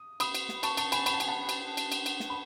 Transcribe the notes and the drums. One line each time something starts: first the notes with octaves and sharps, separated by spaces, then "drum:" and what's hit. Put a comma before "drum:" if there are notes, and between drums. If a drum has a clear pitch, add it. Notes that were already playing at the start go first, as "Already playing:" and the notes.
Already playing: D#6
B5 D#6, drum: cymbal
drum: cymbal
drum: snare
A5 C#6, drum: cymbal
A5 C#6, drum: cymbal
G#5 B5, drum: cymbal
B5, drum: cymbal
A5
G#5, drum: cymbal
F#5 A5
drum: cymbal
drum: cymbal
drum: cymbal
drum: cymbal
drum: snare
B5